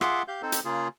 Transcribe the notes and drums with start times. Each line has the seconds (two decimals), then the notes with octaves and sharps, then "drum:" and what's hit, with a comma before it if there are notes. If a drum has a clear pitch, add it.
0.01 F4 G#4 E5 F#5 C6 D6, drum: rim click
0.28 G4 F5 G6
0.42 C4 D#4 A4 C5
0.52 drum: hi-hat
0.65 C#3 A#3 F4 G#4